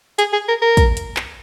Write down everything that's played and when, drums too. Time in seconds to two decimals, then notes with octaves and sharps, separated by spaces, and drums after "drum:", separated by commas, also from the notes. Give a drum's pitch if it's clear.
0.19 G#4, drum: hi-hat
0.33 G#4
0.48 A#4
0.62 A#4
0.77 drum: kick, hi-hat
0.97 drum: hi-hat
1.16 drum: clap